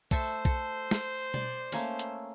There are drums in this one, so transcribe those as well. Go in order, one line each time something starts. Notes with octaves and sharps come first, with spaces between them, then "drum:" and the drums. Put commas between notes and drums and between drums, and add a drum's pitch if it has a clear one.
A3 A4 C5 E5, drum: kick
A4, drum: kick
drum: snare
D5, drum: tom B2
A3 A#3 C#4, drum: hi-hat
drum: hi-hat